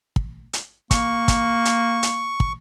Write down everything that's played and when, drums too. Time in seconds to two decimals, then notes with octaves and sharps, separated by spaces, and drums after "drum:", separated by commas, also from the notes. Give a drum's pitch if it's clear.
0.16 drum: kick
0.53 drum: hi-hat
0.91 A#3 C#6, drum: kick, hi-hat
1.28 drum: kick, hi-hat
1.65 drum: hi-hat
2.03 drum: hi-hat
2.40 drum: kick